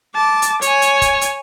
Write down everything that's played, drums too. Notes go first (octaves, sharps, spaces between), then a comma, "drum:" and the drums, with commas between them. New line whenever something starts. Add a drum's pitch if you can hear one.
A5 D6
drum: hi-hat
C#5 G#5, drum: hi-hat
drum: hi-hat
drum: kick, hi-hat
drum: hi-hat